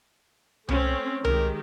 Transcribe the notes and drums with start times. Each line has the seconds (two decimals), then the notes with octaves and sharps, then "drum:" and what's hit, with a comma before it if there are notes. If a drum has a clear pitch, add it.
0.69 A3 C4 C#4, drum: tom C2
1.24 D#3 G#3 G4 A#4, drum: tom C2